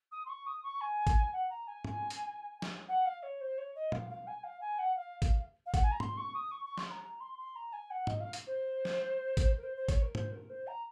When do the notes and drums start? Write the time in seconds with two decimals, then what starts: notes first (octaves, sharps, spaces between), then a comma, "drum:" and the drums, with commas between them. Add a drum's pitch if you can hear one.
0.11 D#6
0.25 C6
0.29 C#6
0.46 D#6
0.63 C#6
0.81 G#5
1.07 drum: kick, hi-hat
1.33 F#5
1.50 A#5
1.67 G#5
1.84 drum: tom G#2
2.10 drum: hi-hat
2.62 drum: snare
2.88 F#5
3.06 F5
3.23 C#5
3.41 C5
3.58 C#5
3.75 D#5
3.92 F5, drum: tom A#2
4.09 F5
4.27 G#5
4.44 F5
4.61 G#5
4.78 F#5
4.96 F5
5.22 drum: kick, hi-hat
5.66 F5
5.74 F#5, drum: kick, hi-hat
5.82 G#5
5.91 A#5
6.00 C6, drum: tom G#2
6.17 C#6
6.35 D#6
6.51 C#6
6.65 C#6
6.78 C6, drum: snare
6.91 A#5
7.04 A#5
7.20 C6
7.38 C6
7.56 A#5
7.73 G#5
7.90 F#5
8.07 D#5, drum: tom G#2
8.20 F5
8.33 drum: hi-hat
8.47 C5
8.85 drum: snare
9.37 drum: kick, hi-hat
9.57 A#4
9.63 C5
9.77 C5
9.89 C#5, drum: kick, hi-hat
10.02 A#4
10.15 C5, drum: tom G#2
10.32 A#4
10.49 C5
10.67 A#5